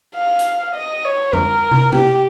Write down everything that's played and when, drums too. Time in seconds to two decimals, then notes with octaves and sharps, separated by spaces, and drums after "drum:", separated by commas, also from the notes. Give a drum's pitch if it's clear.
0.15 F5
0.39 drum: hi-hat
0.75 D#5
1.04 C#5
1.33 A#4, drum: tom F2
1.71 drum: tom
1.92 G4, drum: tom